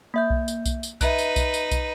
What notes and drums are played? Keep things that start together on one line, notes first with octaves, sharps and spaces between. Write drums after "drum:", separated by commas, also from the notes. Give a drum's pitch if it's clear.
A#3 E5 G6
drum: kick B1
drum: tambourine
drum: kick B1, tambourine
drum: tambourine
D#4 B4 E5 F#6, drum: kick B1, tambourine
drum: tambourine
drum: kick B1, tambourine
drum: tambourine
drum: kick B1, tambourine